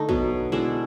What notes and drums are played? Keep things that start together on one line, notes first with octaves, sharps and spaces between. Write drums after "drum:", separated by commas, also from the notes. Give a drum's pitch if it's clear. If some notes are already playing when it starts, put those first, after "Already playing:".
Already playing: D3 A3 D#4
B2 F#3 B3, drum: kick
B2 G#3 B3 D4 E4